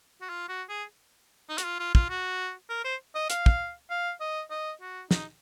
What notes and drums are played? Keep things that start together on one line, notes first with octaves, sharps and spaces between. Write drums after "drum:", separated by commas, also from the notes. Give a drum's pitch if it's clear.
F#4
F4
F#4
G#4
D#4
F#4, drum: hi-hat
F4
F4
F4, drum: kick
F#4
A#4
C5
D#5
F5, drum: hi-hat
drum: kick
F5
D#5
D#5
F#4
D#4, drum: snare